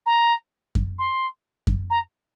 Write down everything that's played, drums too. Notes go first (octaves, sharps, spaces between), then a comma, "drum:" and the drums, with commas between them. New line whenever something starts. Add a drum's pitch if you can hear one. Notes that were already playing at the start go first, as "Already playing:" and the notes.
A#5
drum: kick F#2
C6
drum: kick F#2
A#5